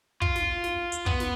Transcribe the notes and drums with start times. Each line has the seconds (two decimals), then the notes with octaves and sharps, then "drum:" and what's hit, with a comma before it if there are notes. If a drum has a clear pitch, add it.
0.22 F4, drum: kick
0.36 drum: snare
0.64 drum: snare
0.92 drum: hi-hat
1.06 B3, drum: kick
1.20 drum: snare